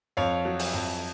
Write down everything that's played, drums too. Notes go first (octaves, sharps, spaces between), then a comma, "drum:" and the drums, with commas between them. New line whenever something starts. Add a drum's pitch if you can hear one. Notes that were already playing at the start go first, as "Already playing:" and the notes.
F2 C#5 F5
F#3
drum: open hi-hat
F2